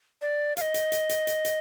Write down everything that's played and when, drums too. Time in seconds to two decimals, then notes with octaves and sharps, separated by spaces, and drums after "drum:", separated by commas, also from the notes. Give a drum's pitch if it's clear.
0.22 D5
0.57 F5, drum: hi-hat
0.61 D#5
0.74 drum: hi-hat
0.92 drum: hi-hat
1.09 drum: hi-hat
1.27 drum: hi-hat
1.45 drum: hi-hat